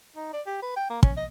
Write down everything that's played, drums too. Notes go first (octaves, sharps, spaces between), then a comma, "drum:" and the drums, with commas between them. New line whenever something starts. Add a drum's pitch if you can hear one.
D#4
D5
G4
B4
G5
A#3
C#4, drum: kick
D#5